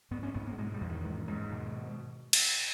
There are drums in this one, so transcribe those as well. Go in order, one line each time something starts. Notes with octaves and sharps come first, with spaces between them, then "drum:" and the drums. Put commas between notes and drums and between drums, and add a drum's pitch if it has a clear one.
G#2 B3
C#4
G#2 B3
A#3
B2 G#3
G3
E2
D#3
G#2
G#2
B2
drum: cymbal